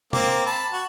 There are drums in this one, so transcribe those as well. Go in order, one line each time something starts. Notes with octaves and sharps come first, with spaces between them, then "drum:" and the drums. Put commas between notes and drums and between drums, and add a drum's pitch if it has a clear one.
A#3 C4 D6, drum: tom
A5 B5
F#4